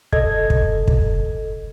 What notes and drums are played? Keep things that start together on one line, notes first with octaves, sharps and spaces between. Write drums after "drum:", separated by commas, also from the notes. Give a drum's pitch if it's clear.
A4 D#5 G#6, drum: kick
drum: kick
drum: kick